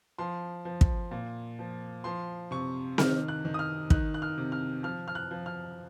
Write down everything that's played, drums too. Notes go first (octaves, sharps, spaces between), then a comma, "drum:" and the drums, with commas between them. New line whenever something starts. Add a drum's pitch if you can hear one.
F3 C6
F3
drum: kick
A#2
F3
F3 C6
C3 C#6
D#3 F6, drum: snare C4
F#6
D#3
D#6
F6
D#3 F#6, drum: kick
F#6
F6
C3
F6
F3 F6
F6
F#6
F3
F6